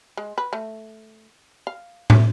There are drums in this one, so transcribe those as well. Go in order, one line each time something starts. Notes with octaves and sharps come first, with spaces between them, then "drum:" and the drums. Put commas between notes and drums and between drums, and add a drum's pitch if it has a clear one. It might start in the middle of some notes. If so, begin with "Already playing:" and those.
G#3
B4
A3
F5
A3, drum: tom